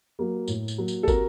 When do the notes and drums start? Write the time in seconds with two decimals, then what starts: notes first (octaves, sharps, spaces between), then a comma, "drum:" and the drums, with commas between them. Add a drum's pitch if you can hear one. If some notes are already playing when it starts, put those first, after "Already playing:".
0.19 F#3 A#3
0.48 A2, drum: tambourine
0.68 drum: tambourine
0.78 F#3 A#3
0.88 drum: tambourine
1.03 A4
1.08 C3 F#4 A#4, drum: kick, tambourine